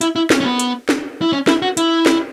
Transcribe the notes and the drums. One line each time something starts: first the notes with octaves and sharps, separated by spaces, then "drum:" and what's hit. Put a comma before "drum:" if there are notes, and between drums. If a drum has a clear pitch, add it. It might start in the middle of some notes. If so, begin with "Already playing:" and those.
E4, drum: hi-hat
E4
C#4, drum: snare
C#4
B3
drum: hi-hat
drum: snare
E4
C#4
E4, drum: snare
F#4
E4, drum: hi-hat
drum: snare